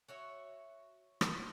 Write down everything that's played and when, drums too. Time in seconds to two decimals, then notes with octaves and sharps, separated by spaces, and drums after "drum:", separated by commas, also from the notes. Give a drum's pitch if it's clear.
0.08 F#4 C#5 E5
1.21 drum: rim click